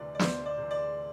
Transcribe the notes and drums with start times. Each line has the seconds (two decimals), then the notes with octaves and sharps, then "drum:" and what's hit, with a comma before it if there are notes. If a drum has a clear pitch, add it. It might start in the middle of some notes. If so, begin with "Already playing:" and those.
Already playing: D2 C3 E3 D5
0.15 D5
0.19 D2 C5, drum: snare
0.46 D5
0.58 C3 E3
0.71 D5